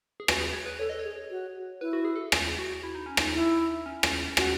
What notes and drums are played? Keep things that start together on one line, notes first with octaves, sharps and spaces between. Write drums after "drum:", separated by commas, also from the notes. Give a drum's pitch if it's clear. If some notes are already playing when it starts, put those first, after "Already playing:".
G#4
F#4 B4, drum: rim click
G#4
C#5
B4
A4 C#5
D#5
C#5
G#4
F#4
E4 B4
F#4
G#4
A4
G#4, drum: rim click
F#4
E4
D#4
C#4
D#4, drum: rim click
E4
C#4
drum: rim click
F#4, drum: rim click